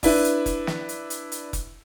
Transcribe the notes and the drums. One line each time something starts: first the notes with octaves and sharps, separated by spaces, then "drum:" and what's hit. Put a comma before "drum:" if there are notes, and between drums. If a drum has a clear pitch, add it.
D4 E4 B4, drum: kick F1, open hi-hat
drum: hi-hat
drum: kick F1, hi-hat
drum: snare
drum: hi-hat
drum: hi-hat
drum: hi-hat
drum: kick F1, hi-hat